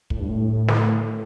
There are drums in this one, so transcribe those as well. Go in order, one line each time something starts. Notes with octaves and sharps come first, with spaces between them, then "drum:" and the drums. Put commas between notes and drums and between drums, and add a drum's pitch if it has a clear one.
A2, drum: kick
G2
A2
drum: snare